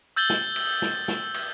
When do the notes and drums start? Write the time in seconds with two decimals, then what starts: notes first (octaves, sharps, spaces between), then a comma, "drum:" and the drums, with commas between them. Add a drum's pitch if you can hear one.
0.16 E6 G6 A6 F#7 G7
0.30 drum: snare
0.56 drum: cymbal
0.82 drum: snare
1.08 drum: snare
1.34 drum: cymbal